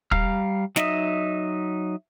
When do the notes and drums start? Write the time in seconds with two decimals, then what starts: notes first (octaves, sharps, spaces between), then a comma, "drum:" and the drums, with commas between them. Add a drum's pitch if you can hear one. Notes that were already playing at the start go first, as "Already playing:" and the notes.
0.11 G3 F5 A#5 F6, drum: kick
0.76 F#3 D#4 D#5 E5, drum: snare